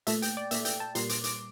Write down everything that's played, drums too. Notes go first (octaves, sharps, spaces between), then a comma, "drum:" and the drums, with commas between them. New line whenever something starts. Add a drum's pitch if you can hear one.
A#2 A3 E5, drum: hi-hat
G5, drum: hi-hat
D5
A#2 A3 E5, drum: hi-hat
G5, drum: hi-hat
A5
A#2 G3 A#3 C6, drum: hi-hat
D6, drum: hi-hat
D6, drum: hi-hat